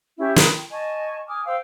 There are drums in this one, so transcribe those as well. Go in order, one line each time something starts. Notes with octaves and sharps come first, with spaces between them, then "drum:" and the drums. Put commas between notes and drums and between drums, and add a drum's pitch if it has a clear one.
C#4 E4 G4 E5
B4 D#6, drum: snare
G5
D#5 G#5 A5 C#6
G#5 D6 D#6 F6
C5 F5 G5 E6